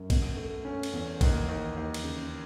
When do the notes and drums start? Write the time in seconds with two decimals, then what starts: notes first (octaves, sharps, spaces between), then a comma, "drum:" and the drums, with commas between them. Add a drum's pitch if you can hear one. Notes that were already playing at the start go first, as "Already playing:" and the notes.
Already playing: F#2
0.10 B2, drum: kick, cymbal
0.37 A3
0.65 C#4
0.83 drum: cymbal
0.93 E2
1.21 D#2, drum: kick, cymbal
1.49 D#2
1.76 D#2
1.94 drum: cymbal
2.04 C#3